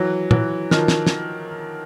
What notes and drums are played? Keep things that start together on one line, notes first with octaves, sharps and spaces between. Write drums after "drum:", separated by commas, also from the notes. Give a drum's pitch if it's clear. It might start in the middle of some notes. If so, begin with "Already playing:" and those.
Already playing: E3 F#3
E3 F#3, drum: tom A#2
D#3 F3, drum: snare
drum: snare
drum: snare